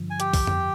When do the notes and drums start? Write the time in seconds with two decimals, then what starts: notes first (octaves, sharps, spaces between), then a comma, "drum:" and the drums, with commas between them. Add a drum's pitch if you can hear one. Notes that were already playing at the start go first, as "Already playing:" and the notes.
Already playing: G2 D3 F3
0.10 G#5
0.20 G4 G5, drum: hi-hat
0.34 drum: kick, open hi-hat
0.47 drum: tom F2